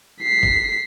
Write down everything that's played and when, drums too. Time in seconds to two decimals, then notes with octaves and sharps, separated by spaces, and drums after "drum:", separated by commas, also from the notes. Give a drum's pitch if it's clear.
0.21 B6 C7
0.43 drum: kick